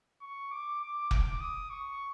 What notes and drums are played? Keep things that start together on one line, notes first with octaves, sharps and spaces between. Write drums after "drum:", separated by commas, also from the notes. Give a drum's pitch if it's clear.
C#6
D6
D6
D6, drum: kick F1
D#6
C#6